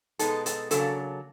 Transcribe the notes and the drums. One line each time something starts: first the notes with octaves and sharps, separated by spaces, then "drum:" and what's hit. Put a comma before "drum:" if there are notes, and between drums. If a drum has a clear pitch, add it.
B2 G#3 B3 D#4 A4, drum: hi-hat
A4, drum: hi-hat
C#3 F#3 A#3 D4 A4, drum: hi-hat